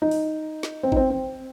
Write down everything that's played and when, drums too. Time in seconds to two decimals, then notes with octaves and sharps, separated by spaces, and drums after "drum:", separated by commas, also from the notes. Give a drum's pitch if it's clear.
0.02 D#4
0.11 drum: open hi-hat
0.63 drum: snare
0.83 C4
0.92 D#4, drum: kick G#1
0.96 C4
1.10 C4